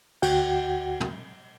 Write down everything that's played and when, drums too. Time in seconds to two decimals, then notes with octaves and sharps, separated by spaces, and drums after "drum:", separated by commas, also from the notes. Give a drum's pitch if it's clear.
0.22 D2 F#4 F#5 G5, drum: cymbal
1.00 drum: tom